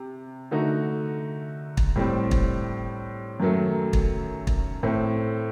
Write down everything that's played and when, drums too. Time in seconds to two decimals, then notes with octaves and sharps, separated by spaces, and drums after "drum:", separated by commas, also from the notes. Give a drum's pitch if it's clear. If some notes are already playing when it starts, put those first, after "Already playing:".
Already playing: C3
0.51 D3 A3 D#4 F#4
1.77 drum: kick
1.96 A2 G3 C4
2.31 drum: kick
3.40 F#2 D#3 F#3 A3
3.93 drum: kick
4.47 drum: kick
4.83 A2 A3 C4